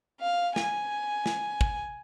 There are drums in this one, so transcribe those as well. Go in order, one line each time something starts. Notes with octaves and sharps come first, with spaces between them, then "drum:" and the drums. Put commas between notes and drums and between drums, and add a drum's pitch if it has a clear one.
F5
G#5, drum: snare
drum: snare
drum: kick